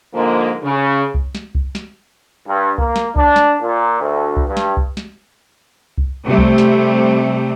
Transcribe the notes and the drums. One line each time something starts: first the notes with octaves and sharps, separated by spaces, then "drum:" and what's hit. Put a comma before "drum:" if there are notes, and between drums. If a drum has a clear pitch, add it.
G#2 D3 F3 G#3 A#3
C#3
drum: kick C2
drum: snare
drum: kick C2
drum: snare
G2
A#3, drum: kick C2
drum: snare
D4, drum: kick C2
drum: snare
A#2
D2
drum: kick C2
G2
drum: snare
drum: kick C2
drum: snare
drum: kick C2
C3 G3 A3
drum: kick C2
drum: snare